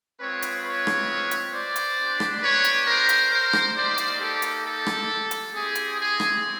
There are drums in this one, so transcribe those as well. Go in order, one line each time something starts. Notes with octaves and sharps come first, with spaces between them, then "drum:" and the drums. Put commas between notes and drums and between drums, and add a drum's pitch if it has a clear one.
G#3 C4 F4 B4 C#5
drum: hi-hat
B4 C#5
drum: rim click
drum: hi-hat
C5 D5
drum: hi-hat
B3 D4 G4
drum: rim click
B4 C#5
drum: hi-hat
A#4 C5
drum: hi-hat
A#4 C5
drum: rim click
A#3 D#4 G4 C5 D5
drum: hi-hat
G4 A4
drum: hi-hat
G4 A4
drum: rim click
drum: hi-hat
C4 E4 G4 G#4
drum: hi-hat
G#4
drum: rim click